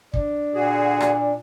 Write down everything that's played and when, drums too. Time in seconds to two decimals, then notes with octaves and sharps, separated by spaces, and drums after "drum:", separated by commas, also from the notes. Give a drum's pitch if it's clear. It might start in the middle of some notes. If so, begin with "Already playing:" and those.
0.14 D4, drum: kick
0.54 A#2 D3 F#4 G#4
1.01 drum: rim click